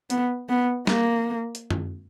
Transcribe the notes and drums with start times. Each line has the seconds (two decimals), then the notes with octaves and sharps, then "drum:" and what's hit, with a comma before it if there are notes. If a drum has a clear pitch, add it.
0.10 B3, drum: hi-hat
0.49 B3
0.87 A#3, drum: snare
1.55 drum: hi-hat
1.71 drum: tom F#2